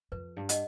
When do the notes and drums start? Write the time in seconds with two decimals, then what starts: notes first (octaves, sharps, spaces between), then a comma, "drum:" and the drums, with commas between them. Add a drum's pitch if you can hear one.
0.12 F2 B4
0.37 G2
0.49 D#5 F#5, drum: hi-hat